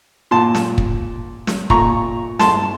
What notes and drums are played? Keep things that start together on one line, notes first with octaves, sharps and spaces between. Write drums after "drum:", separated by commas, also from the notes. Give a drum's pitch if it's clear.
A#2 A5 C6
drum: snare
drum: kick
drum: snare
A#2 A#5 C#6, drum: kick
A5 C6, drum: snare